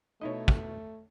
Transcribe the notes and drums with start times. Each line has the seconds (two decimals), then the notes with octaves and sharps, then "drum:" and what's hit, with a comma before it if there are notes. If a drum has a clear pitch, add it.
0.21 B2 A3 D#4 E4 C#5 D#5
0.48 drum: kick